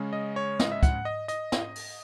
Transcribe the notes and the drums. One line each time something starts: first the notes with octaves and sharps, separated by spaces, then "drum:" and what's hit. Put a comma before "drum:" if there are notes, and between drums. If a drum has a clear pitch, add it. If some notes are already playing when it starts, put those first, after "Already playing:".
Already playing: C#3 G#3 C#4
D#5
C#5
D#5, drum: snare
E5
F#5, drum: kick, hi-hat
D#5
D#5, drum: hi-hat
drum: snare
drum: open hi-hat